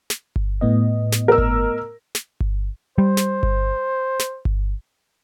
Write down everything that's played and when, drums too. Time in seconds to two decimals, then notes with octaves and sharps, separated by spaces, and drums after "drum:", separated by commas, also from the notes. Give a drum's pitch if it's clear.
0.10 drum: snare
0.36 drum: kick G1
0.61 A2 B3 D#5
1.12 drum: snare
1.28 A#4 E6
1.38 drum: kick G1
2.15 drum: snare
2.40 drum: kick G1
2.98 G3 C5
3.17 drum: snare
3.43 drum: kick G1
4.20 drum: snare
4.45 drum: kick G1